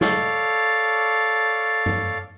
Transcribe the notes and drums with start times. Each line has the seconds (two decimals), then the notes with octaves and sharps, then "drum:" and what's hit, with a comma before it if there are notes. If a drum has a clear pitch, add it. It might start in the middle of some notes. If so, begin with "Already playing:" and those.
0.01 A4 C#5 D5 F5, drum: snare
1.86 drum: tom G2